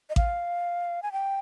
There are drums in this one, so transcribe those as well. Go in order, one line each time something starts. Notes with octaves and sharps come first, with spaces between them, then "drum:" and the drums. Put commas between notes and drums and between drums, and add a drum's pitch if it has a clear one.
D#5
F5, drum: kick A1
G#5
G5